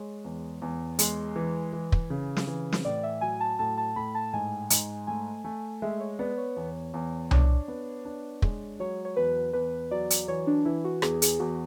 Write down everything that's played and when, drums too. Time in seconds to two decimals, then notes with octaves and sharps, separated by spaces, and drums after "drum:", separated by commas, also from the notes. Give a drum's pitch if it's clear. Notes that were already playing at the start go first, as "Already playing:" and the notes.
Already playing: G#3 C#5
0.25 E2
0.62 E2
0.99 G#3, drum: hi-hat
1.36 E3
1.73 E3
1.92 drum: kick
2.10 C#3
2.37 drum: snare
2.47 E3
2.72 drum: snare
2.85 A2 D5
3.03 E5
3.21 F#3 G#5
3.40 A5
3.59 A2 A5
3.78 A5
3.96 A2 B5
4.15 A5
4.33 G#2 G#5
4.70 G#2, drum: hi-hat
5.07 A3 G#5
5.44 A3 G#5
5.82 G#3 E5
6.00 C#5
6.19 B3 D5
6.37 C#5
6.57 E2
6.94 E2
7.31 D4 C#5, drum: tom C2
7.68 B3
8.05 D4
8.42 G#3, drum: kick
8.80 F#3 C#5
9.05 C#5
9.16 E2 B4
9.53 E2 B4
9.91 F#3 D5
10.10 drum: hi-hat
10.28 E3 C#5
10.47 D4
10.65 E3 E4
10.84 F#4
11.02 E2 G#4, drum: rim click
11.22 G#4, drum: hi-hat
11.39 E2 F#4